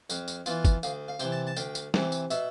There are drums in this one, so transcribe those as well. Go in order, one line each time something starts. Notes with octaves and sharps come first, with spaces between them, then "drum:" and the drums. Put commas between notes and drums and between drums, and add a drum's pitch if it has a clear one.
F2, drum: tambourine
drum: tambourine
E3 B3 F4, drum: tambourine
drum: kick G1, tambourine
D2 F5, drum: tambourine
F5
C3 E3 G5, drum: tambourine
A5
A5
D2 G5, drum: tambourine
drum: tambourine
C3 E3, drum: snare
drum: tambourine
B2 E5, drum: tambourine